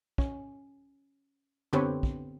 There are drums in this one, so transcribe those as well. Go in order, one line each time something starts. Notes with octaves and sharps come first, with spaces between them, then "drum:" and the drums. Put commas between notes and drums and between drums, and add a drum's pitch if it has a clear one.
C#4, drum: kick
D3 B3 C4 G4 B4 C#5, drum: tom
drum: kick